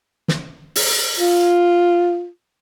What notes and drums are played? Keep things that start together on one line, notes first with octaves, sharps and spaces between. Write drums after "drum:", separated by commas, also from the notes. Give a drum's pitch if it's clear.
drum: snare
drum: open hi-hat
F4